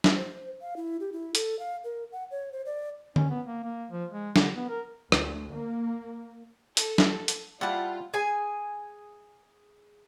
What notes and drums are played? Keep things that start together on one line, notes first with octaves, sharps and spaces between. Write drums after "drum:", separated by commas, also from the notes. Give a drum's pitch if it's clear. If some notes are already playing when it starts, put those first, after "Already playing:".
drum: snare
C5
F5
E4
G4
E4
A4, drum: hi-hat
F5
A#4
F#5
C#5
C5
D5
C#4, drum: tom D3
B3
A#3
A#3
F3
G#3
D3, drum: snare
B3
A#4
D2, drum: rim click
A#3
A4, drum: hi-hat
drum: snare
drum: hi-hat
G3 E4 F4 D5 F#5 A5
G#4 G#5